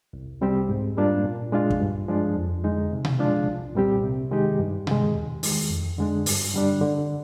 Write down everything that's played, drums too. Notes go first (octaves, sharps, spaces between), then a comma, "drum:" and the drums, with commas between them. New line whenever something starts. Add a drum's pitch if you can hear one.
C2
C3 G3 C4 G4
G#2
G3 A#3 D4 F4
A#2
G#3 D4 F4
drum: kick
G2
F3 G#3 D4 F4
F2
D3 G#3 D#4
C3
drum: tom B2
F3 G#3 D4 F4
C2
A#2 G3 C4 G4
C3
D#3 G#3 D#4 G4
G2
D#3 G#3, drum: tom B2
D#2
D#3 G#3, drum: open hi-hat
F2
D3 G#3 D4
G2, drum: open hi-hat
D3 G3 D4
D3